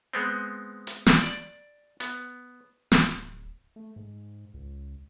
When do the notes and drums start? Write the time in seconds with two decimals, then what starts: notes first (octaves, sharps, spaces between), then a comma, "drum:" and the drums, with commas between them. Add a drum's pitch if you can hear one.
0.13 G#3 B3 C4
0.87 drum: hi-hat
1.06 drum: snare
1.23 D5
2.00 B3, drum: hi-hat
2.92 D1, drum: snare
3.76 A3
3.96 G#2
4.54 C#2